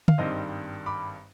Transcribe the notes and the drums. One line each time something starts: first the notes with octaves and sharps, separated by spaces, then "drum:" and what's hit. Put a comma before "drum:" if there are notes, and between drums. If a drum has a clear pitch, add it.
F5, drum: tom
G#1 G2 D#3 G3 C4 C5 D#5
B5 D6